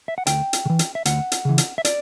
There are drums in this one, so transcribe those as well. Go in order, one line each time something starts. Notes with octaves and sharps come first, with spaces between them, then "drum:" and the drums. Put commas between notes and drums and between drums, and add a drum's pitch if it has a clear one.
E5
F#5
D2 G5, drum: hi-hat
drum: hi-hat
C#3
E3
drum: hi-hat
E5
D2 F#5, drum: hi-hat
drum: hi-hat
C#3 E3
drum: hi-hat
E5
D5, drum: hi-hat